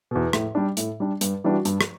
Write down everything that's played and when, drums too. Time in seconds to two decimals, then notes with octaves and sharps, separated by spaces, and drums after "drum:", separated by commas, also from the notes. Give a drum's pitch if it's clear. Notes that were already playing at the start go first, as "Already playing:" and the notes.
0.11 E2 B2
0.33 A2, drum: rim click
0.55 G3 D4
0.77 A2, drum: hi-hat
1.00 G3 D4
1.21 G2, drum: hi-hat
1.44 E3 G3 D4 F#4
1.65 G2, drum: hi-hat
1.81 drum: rim click